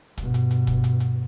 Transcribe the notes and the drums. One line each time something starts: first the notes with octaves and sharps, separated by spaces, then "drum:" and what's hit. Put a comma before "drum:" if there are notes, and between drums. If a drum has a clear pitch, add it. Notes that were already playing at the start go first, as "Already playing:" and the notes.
G2 B2, drum: kick, hi-hat
drum: hi-hat
drum: hi-hat
drum: kick, hi-hat
drum: hi-hat
drum: hi-hat